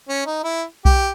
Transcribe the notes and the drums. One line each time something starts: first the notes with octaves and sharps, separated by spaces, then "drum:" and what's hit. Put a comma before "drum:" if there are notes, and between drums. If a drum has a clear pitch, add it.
C#4
D#4
E4
G4, drum: kick B1